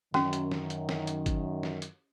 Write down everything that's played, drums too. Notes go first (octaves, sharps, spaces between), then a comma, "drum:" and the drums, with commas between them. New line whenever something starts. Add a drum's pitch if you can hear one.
F#2 D#3 C#4 F#4, drum: snare
drum: hi-hat
drum: snare
drum: hi-hat
drum: snare
drum: hi-hat
drum: kick G1, hi-hat
drum: snare
drum: hi-hat